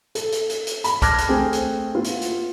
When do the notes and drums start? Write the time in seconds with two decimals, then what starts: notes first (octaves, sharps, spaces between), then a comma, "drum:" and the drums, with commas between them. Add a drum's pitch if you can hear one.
0.15 A4, drum: hi-hat
0.32 drum: hi-hat
0.50 drum: hi-hat
0.67 drum: hi-hat
0.84 B5, drum: hi-hat
1.02 A5 D6 F6 F#6 G#6 A#6, drum: kick, hi-hat
1.18 drum: hi-hat
1.29 A3 C4 G#4
1.53 drum: hi-hat
1.95 B3 F4
2.04 drum: hi-hat
2.21 drum: hi-hat